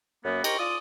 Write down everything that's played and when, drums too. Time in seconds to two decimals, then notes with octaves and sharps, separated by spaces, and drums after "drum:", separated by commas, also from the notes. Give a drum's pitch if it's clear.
0.25 F#2 A#3 B3
0.44 D#4 G4 A#4 C5 A#5 C#6, drum: cymbal
0.59 F4 D5 D#6